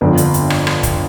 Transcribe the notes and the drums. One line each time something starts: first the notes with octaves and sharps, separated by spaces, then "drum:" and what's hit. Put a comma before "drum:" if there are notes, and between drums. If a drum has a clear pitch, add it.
G1 F2 D3 F3 B3
drum: hi-hat
drum: hi-hat
drum: rim click
drum: rim click
drum: kick, hi-hat